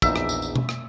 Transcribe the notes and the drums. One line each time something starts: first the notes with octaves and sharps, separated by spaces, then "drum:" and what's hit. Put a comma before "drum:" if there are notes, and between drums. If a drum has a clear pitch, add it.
A#1 E2 D#4 E5, drum: kick, tambourine
drum: rim click
drum: tambourine
drum: tambourine
drum: tom B2
drum: rim click